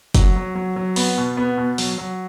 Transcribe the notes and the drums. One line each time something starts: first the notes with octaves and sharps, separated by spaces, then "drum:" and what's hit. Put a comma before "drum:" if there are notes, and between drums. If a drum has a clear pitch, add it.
F#3, drum: kick, hi-hat
F#3
F#3
F#3
B3, drum: open hi-hat
B2
B3
B2
F#3, drum: open hi-hat
F#3